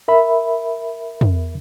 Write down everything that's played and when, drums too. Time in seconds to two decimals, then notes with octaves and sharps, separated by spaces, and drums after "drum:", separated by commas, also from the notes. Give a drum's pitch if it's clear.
0.08 A#4 E5 B5
1.21 drum: tom